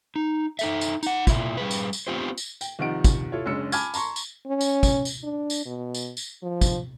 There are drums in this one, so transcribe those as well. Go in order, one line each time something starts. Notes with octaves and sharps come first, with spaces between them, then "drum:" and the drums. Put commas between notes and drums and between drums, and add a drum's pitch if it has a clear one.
D#4
D#4 A4 E5, drum: tambourine
drum: tambourine
D#4 F#5, drum: tambourine
A#2 C#3 E4 F4, drum: kick, tambourine
G3 G#4 B4
drum: tambourine
drum: tambourine
B3 C4 F4 G4 C5
drum: tambourine
G5, drum: tambourine
C2 D#3 F3 D#4 F#5 D7
drum: kick, tambourine
E4 F4 A4 C#5
F#1 G#3 C#4 D4 E6 C#7
G#5 A5 B5 D6 F6 G#6, drum: tambourine
A5 A#5 C6 C#6, drum: tambourine
drum: tambourine
C#4
drum: tambourine
drum: kick, tambourine
drum: tambourine
D4
drum: tambourine
B2
drum: tambourine
drum: tambourine
F3
drum: kick, tambourine